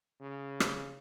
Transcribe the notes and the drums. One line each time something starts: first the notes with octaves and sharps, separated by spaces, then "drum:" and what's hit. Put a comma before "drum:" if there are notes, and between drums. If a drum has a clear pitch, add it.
C#3
drum: rim click